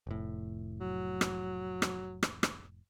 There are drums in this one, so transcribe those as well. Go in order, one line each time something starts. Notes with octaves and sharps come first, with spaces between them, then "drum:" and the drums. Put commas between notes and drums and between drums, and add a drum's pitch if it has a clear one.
F1 A2
F#3
drum: rim click
drum: rim click
drum: rim click
drum: rim click